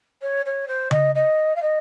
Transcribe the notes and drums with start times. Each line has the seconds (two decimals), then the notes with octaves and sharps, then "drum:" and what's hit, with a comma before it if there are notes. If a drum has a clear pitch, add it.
0.22 C#5
0.45 C#5
0.67 C5
0.91 D#5, drum: tom C#3
1.15 D#5
1.55 F5
1.62 D#5